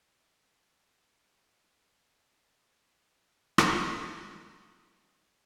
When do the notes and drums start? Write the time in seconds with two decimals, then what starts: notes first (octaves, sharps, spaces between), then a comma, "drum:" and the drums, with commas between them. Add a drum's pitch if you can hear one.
0.37 G3 G#3 C#4 F4 C#5
2.66 F2 D#3
2.95 G#3 A4
3.58 drum: rim click
4.15 C6 D6 F#6
4.36 F4 F#4 A#4 G#5 C6
4.81 G#3 A#3 C#4 E4